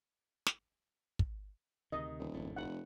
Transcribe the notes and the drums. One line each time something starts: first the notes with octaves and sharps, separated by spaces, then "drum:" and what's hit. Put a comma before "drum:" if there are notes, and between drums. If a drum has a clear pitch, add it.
drum: snare
drum: kick
D2 C3 D#3 D#5
D#1
G#1 F2 A2
F1 F#5